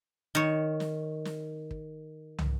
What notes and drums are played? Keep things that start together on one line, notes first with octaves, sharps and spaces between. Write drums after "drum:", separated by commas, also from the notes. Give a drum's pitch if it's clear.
D#3 C#5
drum: snare
drum: snare
drum: kick
drum: tom